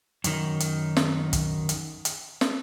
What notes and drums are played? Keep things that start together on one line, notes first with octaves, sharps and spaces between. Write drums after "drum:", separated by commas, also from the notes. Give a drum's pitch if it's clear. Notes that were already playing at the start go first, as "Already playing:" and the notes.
F#2 D#3, drum: hi-hat
drum: hi-hat
drum: snare
drum: kick, hi-hat
drum: hi-hat
drum: hi-hat
drum: snare